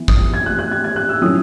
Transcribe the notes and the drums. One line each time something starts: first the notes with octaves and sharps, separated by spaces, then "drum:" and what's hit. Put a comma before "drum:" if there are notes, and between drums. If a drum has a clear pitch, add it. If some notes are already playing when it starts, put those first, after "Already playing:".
Already playing: E3 B3 E4
D#6, drum: kick
G#6
F#6
F#6
G#6
G#6
F#6
E6
F#3 A3 C#4 E4 D#6